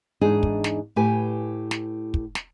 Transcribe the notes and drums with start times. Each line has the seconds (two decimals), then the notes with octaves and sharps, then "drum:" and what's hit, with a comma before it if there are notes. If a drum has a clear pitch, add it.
0.21 E2 G#2 D4 D#4 G#4 D#5
0.43 drum: kick
0.64 drum: snare
0.96 A2 G4 B4 G#5
1.71 drum: snare
2.14 drum: kick
2.35 drum: snare